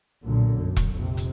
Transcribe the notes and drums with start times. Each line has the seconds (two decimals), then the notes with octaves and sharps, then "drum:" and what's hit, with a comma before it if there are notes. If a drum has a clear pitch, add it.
0.23 B1 A#2 D3
0.56 F#2
0.77 drum: kick E1, hi-hat
0.95 A#1 F2 C3
1.17 drum: hi-hat